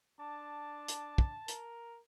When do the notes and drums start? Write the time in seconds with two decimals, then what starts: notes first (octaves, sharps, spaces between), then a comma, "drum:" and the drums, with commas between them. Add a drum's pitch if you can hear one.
0.19 D4 A5
0.88 drum: hi-hat
1.18 drum: kick
1.48 A#4, drum: hi-hat